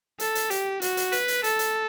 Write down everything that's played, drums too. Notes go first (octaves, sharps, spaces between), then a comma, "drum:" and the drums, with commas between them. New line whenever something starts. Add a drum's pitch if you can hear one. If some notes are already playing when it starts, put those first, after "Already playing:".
A4, drum: hi-hat
drum: hi-hat
G4, drum: hi-hat
F#4, drum: hi-hat
drum: hi-hat
B4, drum: hi-hat
drum: hi-hat
A4, drum: hi-hat
drum: hi-hat